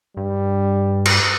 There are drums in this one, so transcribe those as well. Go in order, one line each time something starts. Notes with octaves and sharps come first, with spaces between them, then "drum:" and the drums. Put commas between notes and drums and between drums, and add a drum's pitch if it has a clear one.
G2 G3
drum: cymbal